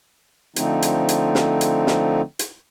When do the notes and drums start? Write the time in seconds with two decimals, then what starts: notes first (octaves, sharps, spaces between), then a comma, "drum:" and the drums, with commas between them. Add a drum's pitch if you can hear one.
0.56 D3 F3 A3 C4 D#4, drum: hi-hat
0.82 drum: hi-hat
1.09 drum: hi-hat
1.35 drum: snare
1.61 drum: hi-hat
1.87 drum: snare
2.39 drum: hi-hat